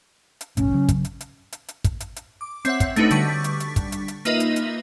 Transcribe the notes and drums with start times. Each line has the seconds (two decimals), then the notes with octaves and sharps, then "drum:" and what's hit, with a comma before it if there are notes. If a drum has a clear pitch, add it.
0.41 drum: hi-hat
0.57 F1 B1 A2 C#4, drum: hi-hat
0.74 C#3 F#3
0.89 drum: kick, hi-hat
1.05 drum: hi-hat
1.21 drum: hi-hat
1.52 drum: hi-hat
1.68 drum: hi-hat
1.84 drum: kick, hi-hat
2.00 drum: hi-hat
2.16 drum: hi-hat
2.41 D6
2.65 C4 C#5 E5 F#5, drum: hi-hat
2.80 drum: kick, hi-hat
2.96 A3 D4 D#4 F#4 B4, drum: hi-hat
3.11 D3 G3 D4 C#6 A6 B6, drum: hi-hat
3.44 drum: hi-hat
3.60 drum: hi-hat
3.76 drum: kick, hi-hat
3.92 drum: hi-hat
4.08 drum: hi-hat
4.25 A#3 D#4 F4 B4 D#5 E5, drum: hi-hat
4.40 drum: hi-hat
4.56 drum: hi-hat